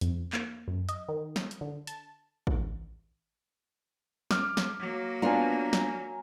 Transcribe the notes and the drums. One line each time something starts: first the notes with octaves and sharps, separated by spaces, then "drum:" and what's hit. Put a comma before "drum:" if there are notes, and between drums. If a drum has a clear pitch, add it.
F2, drum: hi-hat
A#3, drum: clap
F#2
D#5, drum: hi-hat
D#3
D#6, drum: snare
drum: hi-hat
D3
A5, drum: hi-hat
drum: kick
D6 F6, drum: snare
drum: snare
F#3 A#3
B3 D4 F4 A#4 G#5
drum: snare